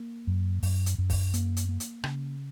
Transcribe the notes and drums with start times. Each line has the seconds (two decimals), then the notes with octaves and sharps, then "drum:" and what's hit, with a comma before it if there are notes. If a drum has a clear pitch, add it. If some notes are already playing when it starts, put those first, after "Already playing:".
Already playing: A#3
0.27 F#2
0.63 F#2, drum: open hi-hat
0.86 drum: hi-hat
0.98 F#2
1.10 drum: kick, open hi-hat
1.34 A#3, drum: hi-hat
1.57 drum: hi-hat
1.69 A#3
1.80 drum: hi-hat
2.04 C#3, drum: rim click